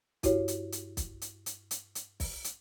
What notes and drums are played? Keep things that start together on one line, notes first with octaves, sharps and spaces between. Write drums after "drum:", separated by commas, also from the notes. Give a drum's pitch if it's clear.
G2 E4 F#4 G4 C#5, drum: kick, hi-hat
drum: hi-hat
drum: hi-hat
drum: kick, hi-hat
drum: hi-hat
drum: hi-hat
drum: hi-hat
drum: hi-hat
drum: kick, open hi-hat
drum: hi-hat